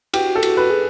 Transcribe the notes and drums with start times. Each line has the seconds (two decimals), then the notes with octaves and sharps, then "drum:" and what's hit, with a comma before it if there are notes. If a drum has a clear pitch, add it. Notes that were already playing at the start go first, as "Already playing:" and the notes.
0.14 F#4 G4, drum: cymbal
0.36 A4
0.43 F#4, drum: cymbal
0.57 B4
0.70 G#4